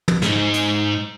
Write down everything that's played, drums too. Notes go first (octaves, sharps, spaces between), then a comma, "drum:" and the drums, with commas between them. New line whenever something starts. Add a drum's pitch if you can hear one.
drum: tom
G#2 D#4, drum: snare
drum: hi-hat